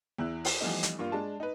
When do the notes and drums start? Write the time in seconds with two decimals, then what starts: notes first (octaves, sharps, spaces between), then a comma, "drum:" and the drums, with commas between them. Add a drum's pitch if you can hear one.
0.18 E2 E4 F#6
0.45 drum: open hi-hat
0.60 E3 F3 G3 A3 B3 D#4
0.83 drum: hi-hat
0.99 G2 A#3 F4
1.12 G#3 D4 A5
1.40 D#4 B4